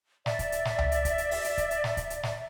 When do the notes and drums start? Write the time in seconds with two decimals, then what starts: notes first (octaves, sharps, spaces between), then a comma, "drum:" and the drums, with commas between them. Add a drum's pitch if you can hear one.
0.26 D5 E5, drum: snare
0.39 drum: kick C#1, hi-hat
0.52 drum: hi-hat
0.65 drum: snare
0.79 drum: tom C#2
0.92 drum: hi-hat
1.05 drum: kick C#1, hi-hat
1.18 drum: hi-hat
1.31 drum: open hi-hat
1.44 drum: hi-hat
1.58 drum: kick C#1, hi-hat
1.71 drum: hi-hat
1.84 drum: snare
1.97 drum: kick C#1, hi-hat
2.10 drum: hi-hat
2.23 drum: snare